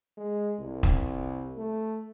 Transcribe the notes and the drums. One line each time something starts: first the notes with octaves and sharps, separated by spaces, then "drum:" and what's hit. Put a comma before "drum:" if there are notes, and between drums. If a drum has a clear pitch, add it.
G#3
C2
drum: kick
A3